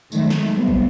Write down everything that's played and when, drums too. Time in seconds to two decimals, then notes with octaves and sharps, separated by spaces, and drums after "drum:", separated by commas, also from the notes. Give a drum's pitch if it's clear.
0.12 D#3 F#3 G#3 A3, drum: tambourine
0.30 drum: snare
0.55 G3 A3 B3 C4
0.67 drum: kick